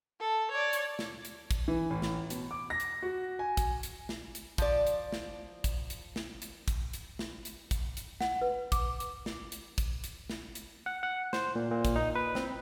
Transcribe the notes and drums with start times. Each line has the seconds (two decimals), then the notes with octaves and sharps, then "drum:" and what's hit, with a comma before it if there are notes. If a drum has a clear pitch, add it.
0.20 A4
0.51 C#5 D5
0.73 drum: hi-hat
0.99 drum: snare
1.25 drum: hi-hat
1.51 drum: kick, hi-hat
1.68 E3
1.90 A1
2.02 drum: snare
2.30 B2, drum: hi-hat
2.51 D6
2.70 A#6
2.80 drum: hi-hat
3.02 F#4
3.39 G#5
3.57 drum: kick, hi-hat
3.83 drum: hi-hat
4.09 drum: snare
4.35 drum: hi-hat
4.58 F3 D5, drum: kick, hi-hat
4.87 drum: hi-hat
5.12 drum: snare
5.64 drum: kick, hi-hat
5.90 drum: hi-hat
6.16 drum: snare
6.42 drum: hi-hat
6.68 drum: kick, hi-hat
6.93 drum: hi-hat
7.19 drum: snare
7.45 drum: hi-hat
7.71 drum: kick, hi-hat
7.97 drum: hi-hat
8.21 F#5, drum: snare
8.42 B4
8.72 D6, drum: kick, hi-hat
9.00 drum: hi-hat
9.26 drum: snare
9.52 drum: hi-hat
9.78 drum: kick, hi-hat
10.04 drum: hi-hat
10.30 drum: snare
10.55 drum: hi-hat
10.86 F#5
11.03 F#5
11.33 C5, drum: snare
11.55 A#2
11.71 A#2
11.85 drum: kick, hi-hat
11.96 D#4
12.15 B4
12.35 C4, drum: snare